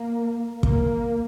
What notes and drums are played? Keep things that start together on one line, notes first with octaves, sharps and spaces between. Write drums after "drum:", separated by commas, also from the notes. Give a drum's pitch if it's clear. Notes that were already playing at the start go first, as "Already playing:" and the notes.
Already playing: A#3
A#3, drum: kick